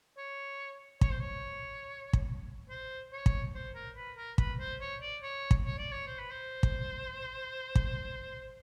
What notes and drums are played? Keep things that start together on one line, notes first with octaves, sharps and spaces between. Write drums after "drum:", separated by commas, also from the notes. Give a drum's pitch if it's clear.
C#5
C#5, drum: kick
C5
C#5
drum: kick
C5
C#5
drum: kick
C5
A#4
B4
A#4
B4, drum: kick
C5
C#5
D5
C#5
drum: kick
C#5
D5
C#5
C5
B4
C5
drum: kick
drum: kick